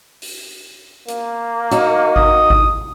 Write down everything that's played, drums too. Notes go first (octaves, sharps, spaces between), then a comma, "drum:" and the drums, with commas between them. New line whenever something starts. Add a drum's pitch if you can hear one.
drum: open hi-hat
A#3, drum: hi-hat
D#4 F#4, drum: hi-hat
D#6, drum: kick G#1
drum: kick G#1